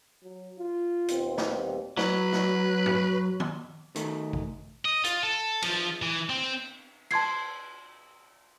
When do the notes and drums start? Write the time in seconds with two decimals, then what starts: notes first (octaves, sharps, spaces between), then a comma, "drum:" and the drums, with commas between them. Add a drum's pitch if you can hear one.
0.23 F#3
0.59 F4
1.08 D#2 B2 C4, drum: hi-hat
1.38 drum: snare
1.50 G3
1.97 F#3 B4, drum: snare
2.32 drum: snare
2.86 drum: tom G2
3.40 drum: tom D#3
3.96 D#3 A3, drum: hi-hat
4.33 drum: kick G#1
4.85 D#5
5.04 F4, drum: hi-hat
5.23 A4
5.62 F3, drum: cymbal
6.02 E3
6.30 C4
7.11 A5 C6 G#6 C7, drum: cymbal